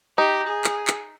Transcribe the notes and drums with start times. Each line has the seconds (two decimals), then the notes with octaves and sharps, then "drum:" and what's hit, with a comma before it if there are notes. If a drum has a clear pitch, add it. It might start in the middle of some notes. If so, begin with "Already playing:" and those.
0.18 D#4 G4
0.47 G#4
0.64 drum: clap
0.87 drum: clap